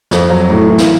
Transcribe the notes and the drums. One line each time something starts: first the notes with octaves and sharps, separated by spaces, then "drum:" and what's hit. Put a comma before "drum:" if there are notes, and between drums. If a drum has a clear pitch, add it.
F2, drum: snare
F#3
A2
E3
drum: snare